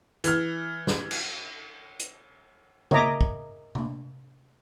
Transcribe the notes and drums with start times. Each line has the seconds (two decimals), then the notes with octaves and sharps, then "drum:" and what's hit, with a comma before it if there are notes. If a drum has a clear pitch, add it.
0.24 E3 F6, drum: hi-hat
0.87 drum: snare
1.11 drum: cymbal
1.99 drum: hi-hat
2.91 A#4 C#5 D#5 E5 A#5 D6, drum: tom C#3
3.21 drum: kick
3.75 drum: tom C3